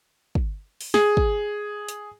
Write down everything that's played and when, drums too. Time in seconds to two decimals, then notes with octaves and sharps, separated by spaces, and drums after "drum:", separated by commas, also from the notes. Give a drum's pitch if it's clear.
0.35 drum: kick
0.81 drum: open hi-hat
0.94 G#4, drum: snare
1.17 drum: kick
1.89 drum: hi-hat